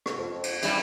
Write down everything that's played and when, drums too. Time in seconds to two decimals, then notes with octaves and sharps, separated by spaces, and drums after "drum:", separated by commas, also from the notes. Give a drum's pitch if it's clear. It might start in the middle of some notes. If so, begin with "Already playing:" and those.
0.06 drum: rim click
0.18 F2
0.43 drum: cymbal
0.62 G2 C#3 E3 G3, drum: cymbal